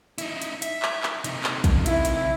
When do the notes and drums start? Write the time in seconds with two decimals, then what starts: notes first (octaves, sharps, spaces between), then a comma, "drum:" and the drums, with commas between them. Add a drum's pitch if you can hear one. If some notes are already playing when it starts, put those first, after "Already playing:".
0.18 D#4 E4, drum: hi-hat
0.42 drum: hi-hat
0.62 E5, drum: hi-hat
0.82 drum: clap
1.03 drum: clap
1.24 C3 D#4, drum: hi-hat
1.44 drum: clap
1.64 drum: kick, hi-hat
1.86 E4, drum: hi-hat
2.05 drum: hi-hat